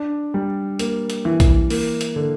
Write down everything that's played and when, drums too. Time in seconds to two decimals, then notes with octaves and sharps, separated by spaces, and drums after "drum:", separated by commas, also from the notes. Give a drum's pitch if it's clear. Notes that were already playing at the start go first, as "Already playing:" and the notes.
Already playing: D4
0.34 G3
0.79 A#3, drum: hi-hat
1.10 drum: hi-hat
1.25 E3
1.40 drum: kick A#1, hi-hat
1.70 A#3, drum: open hi-hat
2.01 drum: hi-hat
2.16 D3